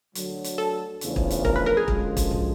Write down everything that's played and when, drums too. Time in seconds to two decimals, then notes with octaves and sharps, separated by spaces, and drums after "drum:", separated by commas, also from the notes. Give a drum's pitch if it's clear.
0.15 D2 D3 F#3, drum: hi-hat
0.44 drum: hi-hat
0.58 A4
1.01 E2 C#3 F3 A3 D4, drum: hi-hat
1.16 drum: kick
1.30 drum: hi-hat
1.45 A#4, drum: kick
1.56 B4
1.66 A#4
1.77 G#4
1.88 F#2 D3 F3 G#3, drum: kick
2.17 drum: kick, hi-hat
2.31 drum: tom B1